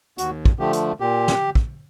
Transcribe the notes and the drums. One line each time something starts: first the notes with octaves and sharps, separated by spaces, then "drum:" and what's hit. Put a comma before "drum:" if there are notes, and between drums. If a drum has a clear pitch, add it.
D#2 F#4, drum: hi-hat
drum: kick
D3 F3 A3 G4
drum: hi-hat
A#2 G4
drum: snare
drum: kick